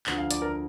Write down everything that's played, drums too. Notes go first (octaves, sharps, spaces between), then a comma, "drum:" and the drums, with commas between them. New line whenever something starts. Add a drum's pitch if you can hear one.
D2 D3 F3, drum: clap
F5
D5, drum: hi-hat
A#4